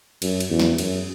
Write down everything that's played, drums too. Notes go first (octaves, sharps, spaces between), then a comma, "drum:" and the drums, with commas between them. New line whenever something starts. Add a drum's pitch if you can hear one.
F#2, drum: cymbal
drum: cymbal
E2
drum: snare
F#2, drum: cymbal